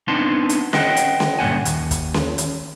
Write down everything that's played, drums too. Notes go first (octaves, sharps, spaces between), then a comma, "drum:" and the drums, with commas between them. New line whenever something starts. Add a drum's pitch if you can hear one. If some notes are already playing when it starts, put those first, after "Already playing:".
B3 C4 D4 D#4 A5 C6
drum: hi-hat
B4 D#5 F#5 G5, drum: snare C#4
drum: hi-hat
drum: snare C#4
D2 G2 A#2 F#5 G#5
D#2, drum: hi-hat
drum: kick, hi-hat
drum: snare C#4
drum: hi-hat